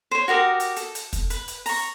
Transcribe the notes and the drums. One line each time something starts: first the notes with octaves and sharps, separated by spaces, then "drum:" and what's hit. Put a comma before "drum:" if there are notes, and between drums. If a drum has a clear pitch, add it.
C5 C#5
F#4 G4 A#4 D#6
drum: hi-hat
A4, drum: hi-hat
drum: hi-hat
drum: kick, hi-hat
B4, drum: hi-hat
drum: hi-hat
A#5 C#6, drum: open hi-hat